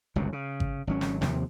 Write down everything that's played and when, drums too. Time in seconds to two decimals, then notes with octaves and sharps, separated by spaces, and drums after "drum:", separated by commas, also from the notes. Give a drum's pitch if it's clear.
0.16 G1 C#2 F#2 C3
0.33 C#3
0.60 drum: kick G#1
0.87 G#1 F#3 C#4
1.01 drum: snare
1.22 D#2 C3 F3 C4, drum: snare